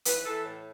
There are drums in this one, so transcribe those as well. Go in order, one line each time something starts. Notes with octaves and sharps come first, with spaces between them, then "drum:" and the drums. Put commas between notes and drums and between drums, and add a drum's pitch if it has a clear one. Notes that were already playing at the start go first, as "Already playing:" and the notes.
E3 B4, drum: hi-hat
E3 A4
A2